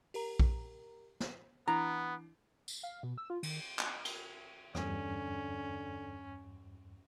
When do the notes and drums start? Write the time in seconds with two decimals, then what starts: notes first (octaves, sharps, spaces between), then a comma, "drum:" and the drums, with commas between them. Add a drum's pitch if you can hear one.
0.14 G4 A#4 A#5, drum: open hi-hat
0.40 drum: kick A#1
1.20 drum: snare
1.68 E3 B3 D4 E4 A#5
2.68 drum: tambourine
2.83 F5
3.03 B2
3.18 E6
3.30 F4
3.43 D#3, drum: cymbal
3.79 drum: clap
4.05 drum: cymbal
4.75 E2 G2 D3 C#4, drum: rim click